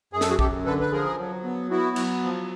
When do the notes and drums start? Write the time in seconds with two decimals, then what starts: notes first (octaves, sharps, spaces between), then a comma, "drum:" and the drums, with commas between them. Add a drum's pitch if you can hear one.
0.13 F#2 G#4
0.21 A4, drum: snare
0.29 F#4 G#4
0.39 F#2 G4 A4, drum: kick A#1
0.65 D3 A4 B4
0.80 B4
0.91 F3 G#4 A#4
1.19 F#3
1.44 B3
1.71 B3 E4 F#4
1.96 F#3, drum: cymbal
2.24 F3